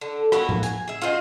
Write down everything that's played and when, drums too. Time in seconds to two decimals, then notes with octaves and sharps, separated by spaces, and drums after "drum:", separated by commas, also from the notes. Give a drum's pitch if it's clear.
0.01 D3
0.32 A#3 B3 E4 F#4, drum: rim click
0.49 drum: tom A2
0.63 G#5, drum: hi-hat
0.88 G#4 E5
1.02 F4 F#4 C5 D#5